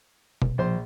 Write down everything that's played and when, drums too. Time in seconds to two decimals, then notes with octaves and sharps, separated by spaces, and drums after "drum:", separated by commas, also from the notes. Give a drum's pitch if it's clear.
0.42 F1, drum: tom B2
0.58 A#1 F3 C5 C6